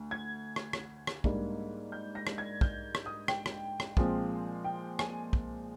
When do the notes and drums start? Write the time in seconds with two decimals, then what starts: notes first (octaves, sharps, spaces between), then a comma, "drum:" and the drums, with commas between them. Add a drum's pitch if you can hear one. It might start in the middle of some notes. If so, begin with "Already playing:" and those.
Already playing: D2
0.11 G#6
0.56 drum: rim click
0.73 drum: rim click
1.07 drum: rim click
1.24 G#2 G3 A#3 D4, drum: kick
1.92 G6
2.15 A#6
2.27 drum: rim click
2.38 G#6
2.61 G6, drum: kick
2.95 drum: rim click
3.06 D#6
3.28 G5, drum: rim click
3.46 drum: rim click
3.80 drum: rim click
3.97 A#2 F3 G#3 C4, drum: kick
4.64 G5
4.99 G#5, drum: rim click
5.33 drum: kick